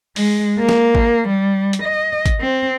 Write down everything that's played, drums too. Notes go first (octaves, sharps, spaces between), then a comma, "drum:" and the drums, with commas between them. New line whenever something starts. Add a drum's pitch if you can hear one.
G#3, drum: open hi-hat
A#3
drum: snare
drum: kick
G3
drum: hi-hat
D#5
drum: kick, hi-hat
C4